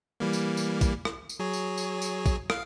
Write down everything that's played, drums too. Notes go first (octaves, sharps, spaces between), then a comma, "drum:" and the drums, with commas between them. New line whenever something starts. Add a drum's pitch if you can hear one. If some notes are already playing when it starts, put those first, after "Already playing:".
E3 G3 A#3
drum: tambourine
drum: tambourine
drum: kick, tambourine
drum: rim click
drum: tambourine
F#3 G#4 C#5
drum: tambourine
drum: tambourine
drum: tambourine
drum: kick, tambourine
F5, drum: rim click